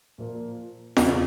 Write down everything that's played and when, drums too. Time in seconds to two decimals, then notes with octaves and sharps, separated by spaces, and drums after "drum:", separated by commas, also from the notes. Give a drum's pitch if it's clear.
0.18 A#2 F3 A#3
0.97 E1 E2 C#3, drum: snare